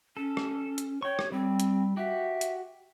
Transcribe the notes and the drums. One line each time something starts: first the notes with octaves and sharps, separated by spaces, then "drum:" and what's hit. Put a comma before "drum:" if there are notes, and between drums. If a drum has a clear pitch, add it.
C#4 A4
drum: rim click
drum: hi-hat
C#5 G5 C#6
drum: rim click
G3 C4
drum: hi-hat
F#4 G4 E5
drum: hi-hat